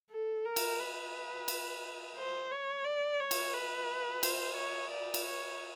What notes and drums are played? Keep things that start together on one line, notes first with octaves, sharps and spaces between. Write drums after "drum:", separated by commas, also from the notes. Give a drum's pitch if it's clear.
A4
A#4
drum: cymbal
B4
drum: cymbal
C5
C#5
D5
C#5
drum: cymbal
B4
C5, drum: cymbal
C#5
D5
drum: cymbal
C#5